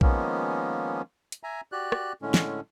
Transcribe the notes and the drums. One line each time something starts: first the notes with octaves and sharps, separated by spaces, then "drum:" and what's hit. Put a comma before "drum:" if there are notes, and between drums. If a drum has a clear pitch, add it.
D#3 F3 G#3 A#3 B3 C#4, drum: kick
drum: hi-hat
E5 G#5 A#5
F#4 G4 D5 F#6
drum: rim click
A2 D3 G#3 C#4
drum: snare